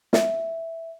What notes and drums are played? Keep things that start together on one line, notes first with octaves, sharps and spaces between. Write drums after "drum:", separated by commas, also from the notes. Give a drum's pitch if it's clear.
E5, drum: snare